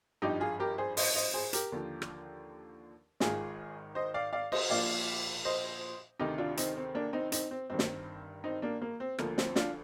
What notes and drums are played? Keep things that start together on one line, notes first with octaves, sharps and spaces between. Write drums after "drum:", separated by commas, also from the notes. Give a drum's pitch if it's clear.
G#1 G2 F3 D#4 G4
F4 G#4
G4 A#4
G#4 C5
C5 D#5, drum: open hi-hat
C5 D#5
G#4 C5
G4 A#4, drum: hi-hat
D#2 D3 F3
drum: rim click
G#1 G#2 D#3 F4 G#4, drum: snare
C5 D#5
D5 F5
D5 F5
C5 D#5, drum: cymbal
A#1 A#2 F3 D5 F5
C5 D#5
D2 C3 D#3 D#4 G4
D4 F4
C4 D#4, drum: hi-hat
C4
A#3 D4
C4 D#4
C4 D#4, drum: hi-hat
C4
G1 G2 D#3 C4
drum: snare
C4 D#4
A#3 D4
A#3
C4
D2 D3 F3 A#3, drum: rim click
C4, drum: snare
D4 F4, drum: snare